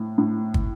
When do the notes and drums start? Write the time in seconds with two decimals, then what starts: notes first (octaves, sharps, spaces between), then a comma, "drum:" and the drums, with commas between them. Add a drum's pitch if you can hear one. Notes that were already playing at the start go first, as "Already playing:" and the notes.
Already playing: A2
0.18 A2
0.54 drum: kick